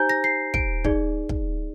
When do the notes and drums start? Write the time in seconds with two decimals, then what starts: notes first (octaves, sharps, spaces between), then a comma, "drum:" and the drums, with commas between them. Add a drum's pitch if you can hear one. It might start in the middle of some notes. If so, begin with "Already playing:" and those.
Already playing: D#4 G4 C5 G#5 A#5 G6
0.09 A#6
0.24 C7
0.54 D7, drum: kick
0.84 D#4 G#4 D5, drum: kick
1.29 drum: kick